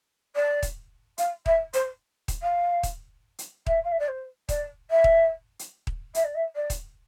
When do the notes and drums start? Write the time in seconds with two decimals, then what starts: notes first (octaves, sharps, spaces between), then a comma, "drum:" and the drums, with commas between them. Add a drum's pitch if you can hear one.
0.35 D5
0.63 drum: kick D#1, hi-hat
1.18 F5, drum: hi-hat
1.46 E5, drum: kick D#1
1.73 C5, drum: hi-hat
2.28 drum: kick D#1, hi-hat
2.42 F5
2.83 drum: kick D#1, hi-hat
3.39 drum: hi-hat
3.66 E5, drum: kick D#1
3.84 F5
3.91 E5
3.99 D5
4.08 C5
4.49 D5, drum: kick D#1, hi-hat
4.90 E5
5.04 drum: kick D#1
5.59 drum: hi-hat
5.87 drum: kick D#1
6.15 E5, drum: hi-hat
6.24 D5
6.35 E5
6.55 D5
6.70 drum: kick D#1, hi-hat